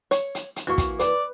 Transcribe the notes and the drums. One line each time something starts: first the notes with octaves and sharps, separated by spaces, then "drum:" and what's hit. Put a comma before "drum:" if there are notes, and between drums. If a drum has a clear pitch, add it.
C#5, drum: hi-hat
drum: hi-hat
drum: hi-hat
E3 A#3 F#4 C#6
drum: kick, hi-hat
B4 D5, drum: hi-hat